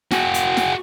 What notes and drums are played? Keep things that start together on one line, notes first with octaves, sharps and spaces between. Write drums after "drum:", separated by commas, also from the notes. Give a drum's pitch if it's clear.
F#4 G#4, drum: snare
drum: hi-hat
drum: snare